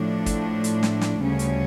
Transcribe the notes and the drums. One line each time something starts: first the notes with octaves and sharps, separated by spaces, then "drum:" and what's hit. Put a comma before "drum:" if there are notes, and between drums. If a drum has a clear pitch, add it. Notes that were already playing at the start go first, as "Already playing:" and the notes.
Already playing: A2 F3 A3 D4
drum: kick, hi-hat
drum: hi-hat
drum: snare
drum: snare
D2 C#3 G3 C#4
drum: hi-hat